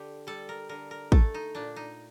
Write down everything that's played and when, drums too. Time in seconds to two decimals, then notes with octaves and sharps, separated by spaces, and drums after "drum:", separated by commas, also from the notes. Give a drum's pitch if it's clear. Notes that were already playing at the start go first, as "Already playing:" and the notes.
Already playing: D3 G4
0.27 G3 A4
0.49 A#4
0.69 D3 A#4
0.91 A#4
1.12 A3 A4, drum: kick
1.34 D#4
1.55 A#2 D4
1.76 D#4